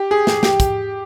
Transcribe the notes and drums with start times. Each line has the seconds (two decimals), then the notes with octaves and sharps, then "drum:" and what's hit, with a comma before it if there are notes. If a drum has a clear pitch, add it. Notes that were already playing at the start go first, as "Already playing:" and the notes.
Already playing: G4
0.11 G#4
0.27 drum: snare
0.43 G4, drum: snare
0.60 drum: kick, hi-hat